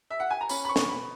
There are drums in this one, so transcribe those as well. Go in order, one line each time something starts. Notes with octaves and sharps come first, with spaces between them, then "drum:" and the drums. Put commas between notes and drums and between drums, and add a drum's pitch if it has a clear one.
E5
F#5
G#5
A#5
C#4 B5, drum: tambourine
B5
C#6
B2, drum: snare
B5